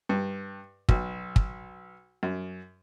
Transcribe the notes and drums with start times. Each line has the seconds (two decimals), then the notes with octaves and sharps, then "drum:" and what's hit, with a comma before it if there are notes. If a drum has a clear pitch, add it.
0.09 G2
0.89 B1, drum: kick
1.36 drum: kick
2.23 F#2